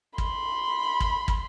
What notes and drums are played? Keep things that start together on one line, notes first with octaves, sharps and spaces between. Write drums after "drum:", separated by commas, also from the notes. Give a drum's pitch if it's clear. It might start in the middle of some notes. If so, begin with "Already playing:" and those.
B5 C6, drum: kick
drum: kick
drum: kick